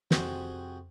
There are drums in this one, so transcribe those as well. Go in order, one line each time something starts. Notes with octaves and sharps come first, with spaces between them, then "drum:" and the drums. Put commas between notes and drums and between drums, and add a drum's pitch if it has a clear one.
F2 C3 F#4 G#4 C5 G5, drum: snare